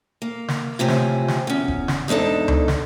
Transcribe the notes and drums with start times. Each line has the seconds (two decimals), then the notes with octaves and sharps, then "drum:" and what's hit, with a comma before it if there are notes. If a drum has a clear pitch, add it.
0.22 A#3
0.48 drum: snare
0.79 A2 C3 F3 C4 G#5
0.88 drum: snare
1.28 drum: snare
1.47 E2 C#4
1.68 drum: kick E1
1.88 drum: snare
2.08 E2 G#2 D4 D#4 A4
2.48 drum: tom C#2
2.68 drum: snare